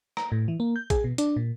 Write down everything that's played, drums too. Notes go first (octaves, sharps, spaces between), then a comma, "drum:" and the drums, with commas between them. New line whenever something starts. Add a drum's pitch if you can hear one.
A#5, drum: rim click
A2
E3
A#3
G6
G#4, drum: kick, hi-hat
B2
D4, drum: hi-hat
A#2